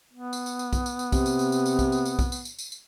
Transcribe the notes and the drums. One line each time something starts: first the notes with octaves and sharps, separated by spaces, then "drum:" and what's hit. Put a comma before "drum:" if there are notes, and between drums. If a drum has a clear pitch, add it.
B3
drum: tambourine
drum: tambourine
drum: tambourine
drum: kick B1, tambourine
drum: tambourine
drum: tambourine
C3, drum: kick B1, tambourine
drum: tambourine
drum: tambourine
drum: tambourine
drum: tambourine
drum: kick B1, tambourine
drum: tambourine
drum: tambourine
drum: kick B1, tambourine
drum: tambourine
drum: tambourine
drum: tambourine
drum: tambourine